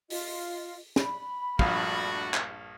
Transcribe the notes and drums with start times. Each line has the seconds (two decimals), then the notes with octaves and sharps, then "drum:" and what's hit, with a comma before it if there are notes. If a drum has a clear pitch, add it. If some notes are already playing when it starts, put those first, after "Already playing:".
0.10 F4 D#5, drum: open hi-hat
0.96 B5, drum: snare
1.59 A#1 G2 A3 D4 F#4 F5, drum: kick
2.34 drum: clap